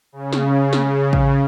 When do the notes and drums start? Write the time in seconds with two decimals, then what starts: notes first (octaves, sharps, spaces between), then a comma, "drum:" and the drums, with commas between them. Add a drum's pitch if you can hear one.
0.12 C#3
0.33 drum: snare
0.73 drum: snare
1.13 drum: kick A1